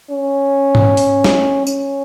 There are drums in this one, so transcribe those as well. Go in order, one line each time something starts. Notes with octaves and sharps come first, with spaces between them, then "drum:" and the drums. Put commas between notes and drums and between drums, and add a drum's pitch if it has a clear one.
C#4
drum: tom G#2
drum: open hi-hat
drum: snare
C#4, drum: tambourine